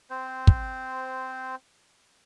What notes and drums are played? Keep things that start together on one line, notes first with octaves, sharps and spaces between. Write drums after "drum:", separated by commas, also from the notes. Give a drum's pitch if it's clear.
C4 C5
drum: kick